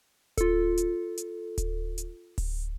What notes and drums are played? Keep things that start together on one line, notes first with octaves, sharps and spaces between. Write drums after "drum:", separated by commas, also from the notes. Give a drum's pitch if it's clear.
F4 A4, drum: kick D1, hi-hat
drum: hi-hat
drum: hi-hat
drum: kick D1, hi-hat
drum: hi-hat
drum: kick D1, open hi-hat